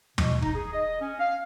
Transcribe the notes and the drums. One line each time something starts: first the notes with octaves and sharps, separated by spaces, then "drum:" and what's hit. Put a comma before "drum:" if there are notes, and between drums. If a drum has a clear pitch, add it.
B2, drum: tom
D#4, drum: kick
G#4
D#5
C#4
F5